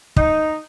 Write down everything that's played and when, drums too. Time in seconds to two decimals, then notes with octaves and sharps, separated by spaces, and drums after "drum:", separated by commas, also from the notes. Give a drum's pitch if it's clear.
0.16 D#4, drum: kick